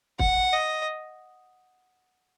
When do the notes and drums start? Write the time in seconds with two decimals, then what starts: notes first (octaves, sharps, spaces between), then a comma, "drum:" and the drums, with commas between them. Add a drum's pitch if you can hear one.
0.19 F#5, drum: kick
0.53 D#5